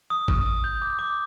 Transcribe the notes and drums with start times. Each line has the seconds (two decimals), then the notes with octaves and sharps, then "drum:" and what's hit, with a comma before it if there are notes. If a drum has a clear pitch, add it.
0.10 D#6
0.28 D#6, drum: kick G#1
0.46 D#6
0.64 G6
0.82 D6
0.99 D6